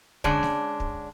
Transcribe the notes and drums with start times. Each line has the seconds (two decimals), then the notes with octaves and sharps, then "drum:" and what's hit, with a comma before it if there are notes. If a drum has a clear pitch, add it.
0.24 D3 G#3 C#4 D4, drum: kick
0.43 drum: snare G#3
0.80 drum: kick